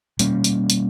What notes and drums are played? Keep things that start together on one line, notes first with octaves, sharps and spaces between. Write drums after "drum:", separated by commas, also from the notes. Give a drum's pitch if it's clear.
B2 G3 A#3 C#4, drum: hi-hat
drum: hi-hat
drum: hi-hat